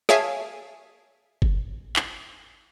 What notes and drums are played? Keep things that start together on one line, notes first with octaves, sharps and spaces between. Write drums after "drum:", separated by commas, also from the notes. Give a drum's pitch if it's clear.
G#4 C#5 E5 F5 G#5 A5, drum: snare
drum: kick F#1
drum: clap